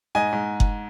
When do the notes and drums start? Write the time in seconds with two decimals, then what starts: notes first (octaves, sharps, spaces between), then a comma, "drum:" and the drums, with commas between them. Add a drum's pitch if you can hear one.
0.15 G#2 D#5 G#5
0.32 G#2
0.60 drum: kick F#1